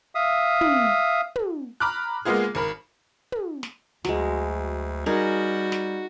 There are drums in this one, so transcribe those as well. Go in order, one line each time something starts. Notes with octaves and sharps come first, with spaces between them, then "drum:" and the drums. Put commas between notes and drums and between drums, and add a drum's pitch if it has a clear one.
E5 F5 D#6
drum: tom
drum: tom
A#5 B5 D6 F6 F#6
G#3 A#3 B3 F4 G#4
G#1 A#4 B5
drum: tom
drum: snare
D2 F#3 G#3, drum: snare
G3 D#4 F#4 G#4 A#4
drum: snare